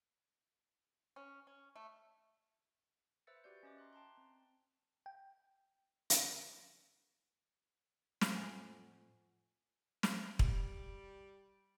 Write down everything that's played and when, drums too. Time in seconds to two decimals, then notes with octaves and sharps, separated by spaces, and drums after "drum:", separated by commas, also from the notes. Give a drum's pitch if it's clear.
1.16 C#4
1.47 C#4
1.76 A3
3.27 B4 C5 E5 E6 A6 C#7
3.44 F#4 G4 B4 D5 G6 C#7
3.63 C#4 D#5 E5 D6
3.78 A#5 C6 F#6
3.93 G5 A5 A#5 C6
4.18 C4
5.06 G5
6.10 drum: hi-hat
8.21 drum: snare
8.35 F2 A2 F#5 G#5 C#6
10.03 drum: snare
10.39 G3, drum: kick